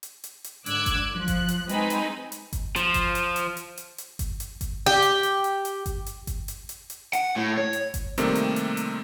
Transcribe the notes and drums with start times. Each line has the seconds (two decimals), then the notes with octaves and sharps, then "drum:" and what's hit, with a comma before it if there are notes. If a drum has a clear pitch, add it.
0.03 drum: hi-hat
0.24 drum: hi-hat
0.44 drum: hi-hat
0.66 G#2 D3 D6 E6 F#6 G#6, drum: hi-hat
0.86 drum: kick G1, hi-hat
1.13 F3 F#6
1.28 drum: kick G1, hi-hat
1.48 drum: hi-hat
1.69 G#3 C4 D#4 B4 G#5 B5, drum: hi-hat
1.90 drum: hi-hat
2.32 drum: hi-hat
2.53 drum: kick G1, hi-hat
2.76 F3, drum: hi-hat
2.94 drum: kick G1, hi-hat
3.15 drum: hi-hat
3.36 drum: hi-hat
3.57 drum: hi-hat
3.77 drum: hi-hat
3.98 drum: hi-hat
4.19 drum: kick G1, hi-hat
4.40 drum: hi-hat
4.61 drum: kick G1, hi-hat
4.86 G4
5.02 drum: hi-hat
5.23 drum: hi-hat
5.44 drum: hi-hat
5.65 drum: hi-hat
5.86 drum: kick G1, hi-hat
6.06 drum: hi-hat
6.27 drum: kick G1, hi-hat
6.48 drum: hi-hat
6.69 drum: hi-hat
6.90 drum: hi-hat
7.13 F#5, drum: hi-hat
7.36 A2
7.58 C#5
7.73 drum: hi-hat
7.94 drum: kick G1, hi-hat
8.18 C3 D#3 G3 A3 A#3 C4, drum: hi-hat
8.35 drum: hi-hat
8.56 drum: hi-hat
8.77 drum: hi-hat